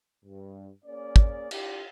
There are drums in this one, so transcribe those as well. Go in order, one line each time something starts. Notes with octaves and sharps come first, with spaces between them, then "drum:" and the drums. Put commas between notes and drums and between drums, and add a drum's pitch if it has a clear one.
G2
A#3 C#4 G#4 D5
drum: kick
D4 E4 F4 G4, drum: cymbal